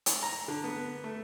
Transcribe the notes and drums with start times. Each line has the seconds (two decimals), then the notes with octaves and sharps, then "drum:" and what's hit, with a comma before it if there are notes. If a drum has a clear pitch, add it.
0.06 drum: hi-hat
0.23 A#5
0.48 D3
0.64 B3
1.04 A3